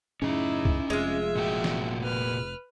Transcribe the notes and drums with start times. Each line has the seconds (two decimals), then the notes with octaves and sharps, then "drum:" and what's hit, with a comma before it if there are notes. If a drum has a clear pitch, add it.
0.22 F#2 A2 C#3 C#4 D#4 E4 D#5
0.65 drum: kick C2
0.90 F1 F2 G#3 F4 E5
1.35 A#2 F#4 G5
1.64 drum: snare
2.03 B4 F6